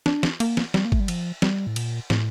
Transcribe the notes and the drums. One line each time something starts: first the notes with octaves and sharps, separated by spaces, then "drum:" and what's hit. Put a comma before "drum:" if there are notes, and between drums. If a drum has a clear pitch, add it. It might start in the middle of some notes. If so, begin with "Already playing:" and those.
D4, drum: snare
drum: snare
A#3, drum: cymbal
drum: snare
G3, drum: snare
A#3
A3, drum: kick G1
G3
F3, drum: cymbal
G3, drum: snare
A2
A#2, drum: cymbal
A2, drum: snare